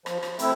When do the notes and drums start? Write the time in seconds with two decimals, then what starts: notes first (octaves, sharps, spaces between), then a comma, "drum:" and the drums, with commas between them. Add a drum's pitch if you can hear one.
0.06 F3, drum: rim click
0.23 drum: rim click
0.39 A3 C4 E4, drum: hi-hat